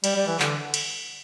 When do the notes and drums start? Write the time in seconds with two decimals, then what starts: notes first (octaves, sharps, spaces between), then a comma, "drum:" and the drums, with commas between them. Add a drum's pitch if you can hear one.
0.04 G3, drum: cymbal
0.16 G3
0.27 E3
0.39 D3, drum: clap
0.74 drum: cymbal